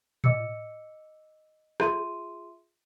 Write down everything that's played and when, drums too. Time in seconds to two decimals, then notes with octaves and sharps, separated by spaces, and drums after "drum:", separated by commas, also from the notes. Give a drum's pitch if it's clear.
0.24 D#5 D6 E6 C#7, drum: tom A2
1.80 F4 G#4 E5 C6 D#7, drum: rim click